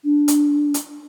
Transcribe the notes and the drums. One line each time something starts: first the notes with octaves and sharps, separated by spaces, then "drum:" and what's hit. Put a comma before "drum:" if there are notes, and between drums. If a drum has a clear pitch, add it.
D4
drum: hi-hat
drum: hi-hat